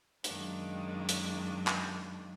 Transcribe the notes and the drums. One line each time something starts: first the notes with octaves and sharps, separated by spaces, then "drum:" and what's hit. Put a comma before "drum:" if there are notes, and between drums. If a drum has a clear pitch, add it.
F#2 D#3 F#3 G#3 A#3 D4, drum: hi-hat
drum: hi-hat
drum: clap